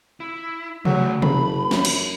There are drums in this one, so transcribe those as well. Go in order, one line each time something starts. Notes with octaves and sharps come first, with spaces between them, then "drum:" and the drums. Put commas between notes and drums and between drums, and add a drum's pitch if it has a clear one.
E4
C#3 F#3 A3, drum: tom C3
F#1 B5, drum: tom C3
F#2, drum: snare
drum: cymbal